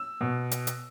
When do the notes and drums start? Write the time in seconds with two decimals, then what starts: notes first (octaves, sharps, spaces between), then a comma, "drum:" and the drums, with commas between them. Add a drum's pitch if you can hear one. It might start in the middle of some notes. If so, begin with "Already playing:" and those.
Already playing: E6
0.21 B2
0.51 drum: hi-hat
0.67 drum: hi-hat